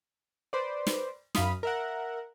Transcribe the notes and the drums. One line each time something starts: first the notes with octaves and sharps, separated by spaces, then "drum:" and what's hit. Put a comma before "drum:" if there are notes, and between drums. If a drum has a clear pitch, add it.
B4 C5 D5
drum: snare
F#2 F5 B5 D#6, drum: snare
A#4 E5 F#5